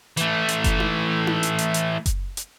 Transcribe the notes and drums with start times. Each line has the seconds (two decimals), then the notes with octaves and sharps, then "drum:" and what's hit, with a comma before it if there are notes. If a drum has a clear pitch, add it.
0.17 E3 A3, drum: hi-hat
0.49 drum: hi-hat
0.64 drum: kick F#1, hi-hat
0.80 drum: tom D#4
1.27 drum: tom D#4
1.43 drum: hi-hat
1.58 drum: hi-hat
1.74 drum: hi-hat
2.06 drum: kick F#1, hi-hat
2.37 drum: hi-hat